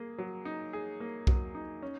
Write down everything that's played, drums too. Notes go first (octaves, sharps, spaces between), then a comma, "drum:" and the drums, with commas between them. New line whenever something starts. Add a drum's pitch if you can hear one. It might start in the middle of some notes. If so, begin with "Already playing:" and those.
Already playing: A#3 G#4
F#3
D#4
G#4
A#3
F#3, drum: kick B1
D#4
C#4